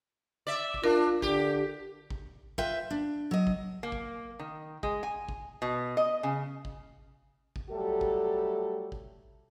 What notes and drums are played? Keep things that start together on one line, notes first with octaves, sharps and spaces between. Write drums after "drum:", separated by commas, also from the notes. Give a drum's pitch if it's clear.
D5 E5
drum: kick G#1
D4 F4 A#4
D3 G4, drum: kick G#1
drum: kick G#1
F4 B4 E5 G5, drum: kick G#1
D4
F#3 D#5
drum: kick G#1
A#3
drum: kick G#1
D#3
G#3, drum: kick G#1
G#5
drum: kick G#1
B2
D#5
C#3
drum: kick G#1
drum: kick G#1
F#3 G3 A3 G4 A4
drum: kick G#1
drum: kick G#1